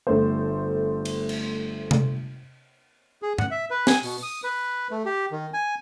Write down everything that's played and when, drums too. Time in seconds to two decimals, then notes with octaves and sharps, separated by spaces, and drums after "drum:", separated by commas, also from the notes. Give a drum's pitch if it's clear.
0.07 G1 A3 C5
1.05 drum: cymbal
1.29 drum: cymbal
1.91 drum: tom C3
3.22 G#4
3.38 F#5, drum: tom G2
3.51 E5
3.71 B4
3.87 G#5, drum: snare
4.03 B2, drum: open hi-hat
4.23 D#6
4.44 B4
4.91 A3
5.06 G4
5.32 D#3
5.54 G#5